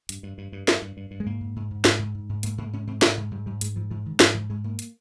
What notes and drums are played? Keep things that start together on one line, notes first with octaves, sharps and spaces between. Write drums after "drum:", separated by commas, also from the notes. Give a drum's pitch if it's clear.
G2, drum: hi-hat
G2
G2
G2
G2, drum: snare
G2
G2
G2
G#3
G#2 A#3
G#2
G#2
G#2
G#2, drum: snare
G#2
G#2
G#2
G#2 A#3, drum: hi-hat
G#2 A#3
G#2 C#4
G#2 C4
G#2 C4, drum: snare
G#2 G#3
G#2 G3
G#2 G3
G#2 G#3, drum: hi-hat
G#2 F3
G#2 F3
G#2 D#3
G#2 F3, drum: snare
G#2 F3
G#2 G#3
G#2 A#3
drum: hi-hat